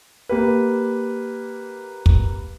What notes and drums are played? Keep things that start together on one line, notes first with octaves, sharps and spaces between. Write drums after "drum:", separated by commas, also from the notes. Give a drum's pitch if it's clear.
A#3 G4 B4
drum: kick